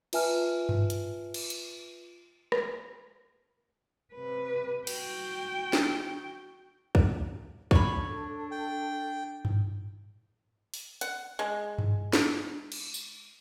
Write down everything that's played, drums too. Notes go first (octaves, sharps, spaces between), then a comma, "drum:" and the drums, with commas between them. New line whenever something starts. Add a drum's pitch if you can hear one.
F4 B4 E5 G#5 A5 F6, drum: cymbal
drum: tom G2
drum: hi-hat
drum: cymbal
drum: hi-hat
drum: rim click
C3 B4
F#4 G5, drum: cymbal
drum: snare
drum: kick
D4 A4 C#5 B5, drum: kick
G5
drum: tom G2
drum: open hi-hat
F#5, drum: hi-hat
G#3
drum: tom G2
drum: snare
drum: cymbal
drum: tambourine